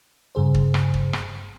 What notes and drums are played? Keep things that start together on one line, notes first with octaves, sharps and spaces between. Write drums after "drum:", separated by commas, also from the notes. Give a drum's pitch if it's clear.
G2 C#3 G#4 C5
drum: kick
drum: rim click
drum: kick
drum: rim click